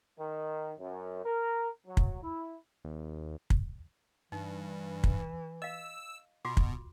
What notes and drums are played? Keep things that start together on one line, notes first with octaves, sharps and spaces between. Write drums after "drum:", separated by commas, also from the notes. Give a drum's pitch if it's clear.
D#3
F#2
A#4
F#3
drum: kick
E4
D#2
drum: kick
G2 E3 D#4
drum: kick
D#5 F5 E6
B2 F4 F#4 D6
drum: kick